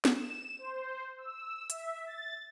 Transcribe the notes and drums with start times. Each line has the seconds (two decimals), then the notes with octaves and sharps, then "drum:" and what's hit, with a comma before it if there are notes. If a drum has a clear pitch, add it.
0.05 drum: snare
0.16 E7
0.59 C5
1.18 E6
1.70 E5, drum: hi-hat
2.06 A6